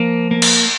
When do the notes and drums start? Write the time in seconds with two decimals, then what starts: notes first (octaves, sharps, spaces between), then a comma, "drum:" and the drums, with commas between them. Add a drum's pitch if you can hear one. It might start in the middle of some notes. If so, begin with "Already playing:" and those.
Already playing: F3 A#3
0.31 A#3
0.42 drum: cymbal